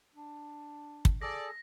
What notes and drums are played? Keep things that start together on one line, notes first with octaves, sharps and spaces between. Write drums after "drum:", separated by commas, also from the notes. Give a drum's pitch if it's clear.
D4
drum: kick
G#4 A4 D5 A#6